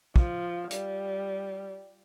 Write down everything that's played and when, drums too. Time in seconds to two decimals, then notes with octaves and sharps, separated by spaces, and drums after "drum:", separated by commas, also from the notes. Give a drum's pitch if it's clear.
0.16 F3, drum: kick
0.71 G3, drum: hi-hat